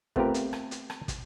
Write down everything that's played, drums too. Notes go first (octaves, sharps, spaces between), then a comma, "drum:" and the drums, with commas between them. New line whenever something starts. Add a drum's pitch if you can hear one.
A3 B3 C4 F4 G4 A#4, drum: kick
drum: hi-hat
drum: rim click
drum: hi-hat
drum: rim click
drum: kick, hi-hat